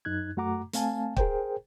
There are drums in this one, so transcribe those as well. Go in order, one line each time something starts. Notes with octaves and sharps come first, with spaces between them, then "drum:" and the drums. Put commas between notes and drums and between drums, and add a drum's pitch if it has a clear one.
F#2 D#4 F#6 G#6
F#2 A3 F#4 F#5 A#5 D6
A3 C4 F5 G#5 A5, drum: hi-hat
G#4 A#4 C5 G5, drum: kick